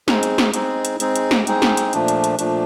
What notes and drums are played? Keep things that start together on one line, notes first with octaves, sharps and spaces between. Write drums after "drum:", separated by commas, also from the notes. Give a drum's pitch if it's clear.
G#3 C4 D#4 G#4, drum: snare
drum: hi-hat
drum: snare
G#3 C4 D#4 G#4, drum: hi-hat
drum: hi-hat
G#3 C4 D#4 G#4, drum: hi-hat
drum: hi-hat
drum: snare
G#3 C4 D#4 G#4, drum: hi-hat
drum: snare
drum: hi-hat
A#2 F3 A3 D4, drum: hi-hat
drum: hi-hat
drum: hi-hat
A#2 F3 A3 D4, drum: hi-hat